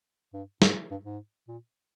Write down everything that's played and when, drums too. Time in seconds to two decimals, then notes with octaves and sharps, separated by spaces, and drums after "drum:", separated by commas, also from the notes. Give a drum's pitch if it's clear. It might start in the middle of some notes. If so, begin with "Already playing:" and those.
0.34 G2
0.62 G#2, drum: snare
0.91 G2
1.05 G#2
1.48 A#2